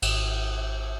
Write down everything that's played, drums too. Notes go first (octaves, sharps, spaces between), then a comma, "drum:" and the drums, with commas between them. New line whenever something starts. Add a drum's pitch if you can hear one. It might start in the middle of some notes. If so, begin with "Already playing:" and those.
G#1, drum: cymbal